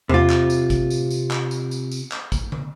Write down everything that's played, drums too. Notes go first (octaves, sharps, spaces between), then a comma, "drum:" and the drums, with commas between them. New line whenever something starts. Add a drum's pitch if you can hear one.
C3 F4, drum: tom E2
drum: clap
drum: tambourine
drum: kick, tambourine
drum: tambourine
drum: tambourine
drum: clap
drum: tambourine
drum: tambourine
drum: tambourine
drum: clap
drum: kick, tambourine
drum: tom